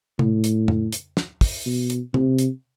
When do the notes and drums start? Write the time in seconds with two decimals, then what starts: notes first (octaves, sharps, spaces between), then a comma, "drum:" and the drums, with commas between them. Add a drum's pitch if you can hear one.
0.19 A2, drum: tom C3
0.44 drum: hi-hat
0.68 drum: tom F2
0.92 drum: hi-hat
1.17 drum: snare
1.41 drum: kick, open hi-hat
1.66 B2
1.90 drum: hi-hat
2.14 C3, drum: tom C3
2.39 drum: hi-hat